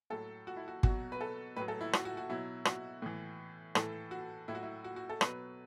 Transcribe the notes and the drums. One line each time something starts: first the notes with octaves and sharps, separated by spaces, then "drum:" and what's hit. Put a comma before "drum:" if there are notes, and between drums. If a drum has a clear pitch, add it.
A2 F#3 A4
F#4
E4
F#4
B2 F#3 F#4, drum: kick
B4
A4
A2 F#3 B4
A4
E4
F#4, drum: rim click
F#4
F#4
B2 F#3 E4
F#4, drum: rim click
A2 E3
A2 E3 A4, drum: rim click
F#4
A2 F#3 E4
F#4
E4
F#4
F#4
A4
B2 F#3 B4, drum: rim click